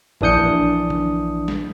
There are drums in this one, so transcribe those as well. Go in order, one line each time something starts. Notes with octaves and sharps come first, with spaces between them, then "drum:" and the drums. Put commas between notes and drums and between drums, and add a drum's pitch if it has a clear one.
A#1 E3 D4 D#6 G6 C#7, drum: kick G#1
drum: tom
drum: snare